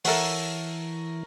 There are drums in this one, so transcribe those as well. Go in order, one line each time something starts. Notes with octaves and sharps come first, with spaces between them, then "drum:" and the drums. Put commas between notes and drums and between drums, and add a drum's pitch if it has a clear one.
E3 A4 A#4 C#5 E5 F#5, drum: open hi-hat